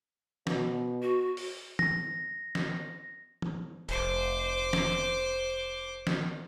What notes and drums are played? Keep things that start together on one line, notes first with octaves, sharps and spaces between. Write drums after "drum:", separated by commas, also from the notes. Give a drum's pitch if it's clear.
B2, drum: snare
F#4
drum: open hi-hat
A#6, drum: tom
drum: snare
drum: tom
F1 C5 D6, drum: hi-hat
drum: snare
drum: snare